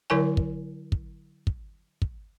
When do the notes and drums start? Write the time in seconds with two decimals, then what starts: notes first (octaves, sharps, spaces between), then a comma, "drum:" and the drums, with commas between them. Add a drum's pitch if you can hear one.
0.10 D3 F#3 E4 A#4 C#5 G#5
0.37 drum: kick
0.92 drum: kick
1.47 drum: kick
2.02 drum: kick